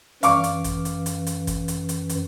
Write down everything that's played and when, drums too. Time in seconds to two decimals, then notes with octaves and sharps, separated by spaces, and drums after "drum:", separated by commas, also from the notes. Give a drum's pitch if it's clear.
0.23 F#2 E3 F5 C#6 D6, drum: hi-hat
0.44 drum: hi-hat
0.64 drum: kick G1, hi-hat
0.85 drum: hi-hat
1.06 drum: hi-hat
1.27 drum: hi-hat
1.47 drum: kick G1, hi-hat
1.68 drum: hi-hat
1.89 drum: hi-hat
2.09 drum: hi-hat